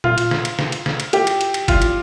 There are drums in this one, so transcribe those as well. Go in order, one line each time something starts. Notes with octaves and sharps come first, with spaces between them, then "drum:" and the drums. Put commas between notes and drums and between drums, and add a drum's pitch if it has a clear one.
F4, drum: tom A#2
drum: cymbal
drum: snare
drum: cymbal
drum: snare
drum: cymbal
drum: snare
drum: cymbal
G4, drum: cymbal
drum: cymbal
drum: cymbal
drum: cymbal
F4, drum: kick G1, cymbal
drum: cymbal